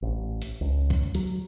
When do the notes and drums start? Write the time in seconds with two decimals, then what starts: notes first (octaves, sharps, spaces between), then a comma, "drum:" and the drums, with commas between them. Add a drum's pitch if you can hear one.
0.02 A1
0.42 drum: hi-hat
0.61 C#2
0.90 drum: kick C2, hi-hat
1.15 F#3, drum: hi-hat